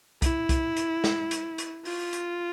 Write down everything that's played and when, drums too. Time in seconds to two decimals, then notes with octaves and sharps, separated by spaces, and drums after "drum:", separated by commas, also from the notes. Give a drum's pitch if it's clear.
0.22 E4, drum: kick C2, hi-hat
0.49 drum: kick C2, hi-hat
0.77 drum: hi-hat
1.04 drum: snare
1.31 drum: hi-hat
1.58 drum: hi-hat
1.85 F4, drum: open hi-hat
2.13 drum: hi-hat